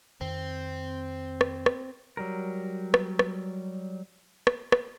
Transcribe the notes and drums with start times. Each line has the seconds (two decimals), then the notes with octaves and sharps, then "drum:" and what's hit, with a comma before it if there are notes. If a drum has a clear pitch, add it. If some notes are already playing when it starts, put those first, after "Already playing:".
0.21 F2 D#3 C4
1.41 drum: rim click
1.66 drum: rim click
2.17 F#3 G3 A#4
2.94 drum: rim click
3.19 drum: rim click
4.47 drum: rim click
4.72 drum: rim click